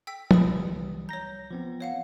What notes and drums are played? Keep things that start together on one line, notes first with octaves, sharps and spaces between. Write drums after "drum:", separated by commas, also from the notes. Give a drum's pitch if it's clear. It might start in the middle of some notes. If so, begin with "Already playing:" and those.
G5 E6 B6
B4 B5 D#6, drum: tom
C2 E3 G3
C#5 A#5 G6 A#6
F3 B3 C4
C#5 F5 F#5